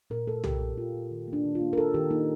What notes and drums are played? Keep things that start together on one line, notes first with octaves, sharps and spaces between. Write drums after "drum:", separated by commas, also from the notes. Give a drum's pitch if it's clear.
A#2 A#4
A3 A4
A#2 G4, drum: tom
A#2
A#2 F4
A#2
D#3
A#3
D4
D#3
F4
A#3
A#4
A#3 A4
D#3 G4
A#3 D#4